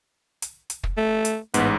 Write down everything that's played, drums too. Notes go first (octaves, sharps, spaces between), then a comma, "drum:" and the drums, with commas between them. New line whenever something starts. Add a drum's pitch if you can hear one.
drum: hi-hat
drum: hi-hat
drum: kick
A3
drum: hi-hat
A1 G#2 B3, drum: hi-hat